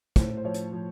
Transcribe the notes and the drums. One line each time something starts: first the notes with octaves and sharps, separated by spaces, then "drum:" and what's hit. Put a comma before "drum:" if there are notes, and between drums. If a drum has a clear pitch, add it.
A2 C5, drum: kick, hi-hat
C5
F3 C#5
drum: hi-hat
F3